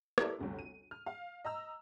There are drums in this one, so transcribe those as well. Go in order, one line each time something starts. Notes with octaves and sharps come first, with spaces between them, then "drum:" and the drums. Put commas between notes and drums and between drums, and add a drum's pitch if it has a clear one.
E4 G4 A4 A#4 D5 E5, drum: rim click
G1 D2 C3
D#7
F6
F5
D#5 A#5 E6